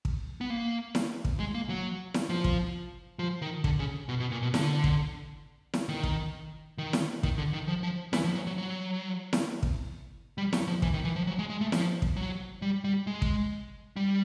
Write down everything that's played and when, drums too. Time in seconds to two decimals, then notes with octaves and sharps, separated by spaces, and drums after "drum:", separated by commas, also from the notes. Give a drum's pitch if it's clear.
0.05 drum: kick
0.41 B3
0.50 A#3
0.95 drum: snare E4
1.25 drum: kick
1.40 G#3
1.55 A#3
1.69 F#3
2.14 drum: snare E4
2.30 F3
2.44 drum: kick
3.19 F3
3.42 D#3
3.64 D3, drum: kick
3.79 C#3
4.09 B2
4.20 B2
4.32 A#2
4.43 B2
4.54 D3, drum: snare E4
4.84 drum: kick
5.73 drum: snare E4
5.89 D#3
6.03 drum: kick
6.78 D#3
6.93 drum: snare E4
7.23 D#3, drum: kick
7.38 D3
7.53 D#3
7.68 F3
7.83 F3
8.13 E3, drum: snare E4
8.24 F3
8.35 F#3
8.47 F#3
8.58 F#3
9.33 drum: snare E4
9.63 drum: kick
10.38 G3
10.53 F#3, drum: snare E4
10.68 F3
10.82 E3, drum: kick
10.94 D#3
11.05 E3
11.16 F3
11.27 F#3
11.39 G#3
11.50 G#3
11.61 A3
11.72 F3, drum: snare E4
12.02 drum: kick
12.17 F#3
12.62 G3
12.84 G3
13.07 G#3
13.22 drum: kick
13.96 G3